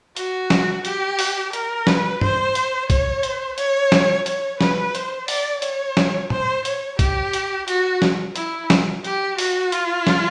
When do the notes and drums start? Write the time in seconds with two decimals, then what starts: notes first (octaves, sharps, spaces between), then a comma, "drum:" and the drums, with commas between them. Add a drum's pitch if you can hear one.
0.17 F#4, drum: hi-hat
0.50 drum: snare
0.85 G4, drum: hi-hat
1.19 drum: open hi-hat
1.53 A#4, drum: hi-hat
1.87 B4, drum: snare
2.21 C5, drum: tom
2.55 drum: hi-hat
2.90 C#5, drum: kick, hi-hat
3.23 C5, drum: hi-hat
3.58 C#5, drum: hi-hat
3.92 drum: snare
4.26 C#5, drum: hi-hat
4.61 B4, drum: snare
4.95 C5, drum: hi-hat
5.28 D5, drum: open hi-hat
5.62 C#5, drum: hi-hat
5.97 drum: snare
6.30 C5, drum: tom
6.65 C#5, drum: hi-hat
6.99 G4, drum: kick, hi-hat
7.33 drum: hi-hat
7.68 F#4, drum: hi-hat
8.02 drum: snare
8.36 E4, drum: hi-hat
8.70 drum: snare
9.04 G4, drum: hi-hat
9.38 F#4, drum: open hi-hat
9.72 F4, drum: hi-hat
10.07 drum: snare